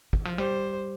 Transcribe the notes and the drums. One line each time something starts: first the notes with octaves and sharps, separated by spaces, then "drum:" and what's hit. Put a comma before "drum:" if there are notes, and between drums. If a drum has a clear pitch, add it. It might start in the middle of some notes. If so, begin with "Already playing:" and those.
D#3, drum: kick
F3
G3 C5